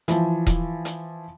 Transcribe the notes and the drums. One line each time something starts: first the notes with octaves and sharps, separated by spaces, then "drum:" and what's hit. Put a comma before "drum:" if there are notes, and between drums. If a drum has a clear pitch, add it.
E3 F3, drum: hi-hat
drum: kick D#1, hi-hat
drum: hi-hat